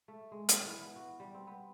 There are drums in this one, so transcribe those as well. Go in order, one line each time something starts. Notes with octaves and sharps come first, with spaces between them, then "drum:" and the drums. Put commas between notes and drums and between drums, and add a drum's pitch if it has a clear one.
A3
G#3
B4, drum: hi-hat
E3
B3
F#4
G3
C4
B3